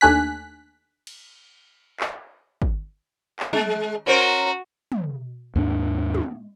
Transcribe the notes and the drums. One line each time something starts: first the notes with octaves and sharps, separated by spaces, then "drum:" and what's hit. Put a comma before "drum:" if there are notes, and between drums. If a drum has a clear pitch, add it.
D#2 A3 D4 G#5 F#6 B6
drum: cymbal
drum: clap
drum: kick
drum: clap
G#3, drum: tom
C#4 F#4 A#4 C5
drum: tom
D#2 G#2 D4
drum: tom